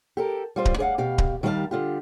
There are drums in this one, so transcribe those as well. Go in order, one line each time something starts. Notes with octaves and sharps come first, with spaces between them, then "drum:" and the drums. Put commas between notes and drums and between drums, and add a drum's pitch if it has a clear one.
G4 A4 A#4
G3 F4 C5
drum: kick D1
G#4 C5 D5 F5 F#5
B2 G4 F5
drum: kick D1
D#3 G3 G4 A#4 F5 A5
D3 F4 G4